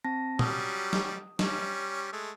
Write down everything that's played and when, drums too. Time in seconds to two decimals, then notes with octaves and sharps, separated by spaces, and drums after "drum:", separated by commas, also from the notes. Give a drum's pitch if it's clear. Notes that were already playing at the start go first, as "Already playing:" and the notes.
0.04 C4 A5 A#6
0.39 F#3 G3 C#4 D#6, drum: tom
0.93 drum: snare
1.39 G3 C#4, drum: snare
2.13 G#3 A3